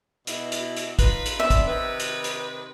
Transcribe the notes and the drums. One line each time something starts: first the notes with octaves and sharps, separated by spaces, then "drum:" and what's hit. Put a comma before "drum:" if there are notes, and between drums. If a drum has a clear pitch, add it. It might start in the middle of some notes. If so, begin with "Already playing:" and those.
B2 E4, drum: hi-hat
drum: hi-hat
drum: hi-hat
D#4 F4 B4, drum: kick, hi-hat
drum: hi-hat
B3 C4 D4 E5
drum: kick, hi-hat
C3 D#3 B4
drum: hi-hat
drum: hi-hat